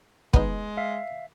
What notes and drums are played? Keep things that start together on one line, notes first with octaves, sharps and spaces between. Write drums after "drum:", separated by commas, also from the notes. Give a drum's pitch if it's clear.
G#3 B3 D#4, drum: kick
E5 F5